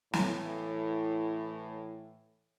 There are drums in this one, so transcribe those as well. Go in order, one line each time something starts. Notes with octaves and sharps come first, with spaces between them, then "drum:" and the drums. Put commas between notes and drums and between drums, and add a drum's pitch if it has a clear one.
A2 E3, drum: snare